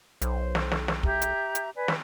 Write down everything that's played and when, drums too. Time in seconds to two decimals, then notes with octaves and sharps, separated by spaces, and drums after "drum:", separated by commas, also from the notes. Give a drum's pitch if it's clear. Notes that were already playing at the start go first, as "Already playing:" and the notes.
0.22 B1 C5, drum: hi-hat
0.55 drum: snare
0.72 drum: snare
0.88 drum: snare
1.03 G4 E5 A#5, drum: kick
1.22 drum: hi-hat
1.55 drum: hi-hat
1.75 B4 D5 G#5
1.88 drum: snare